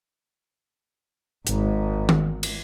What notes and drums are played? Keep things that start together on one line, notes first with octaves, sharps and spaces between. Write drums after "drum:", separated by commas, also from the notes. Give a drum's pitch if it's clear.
G#1 G#2, drum: hi-hat
drum: tom D#3
drum: cymbal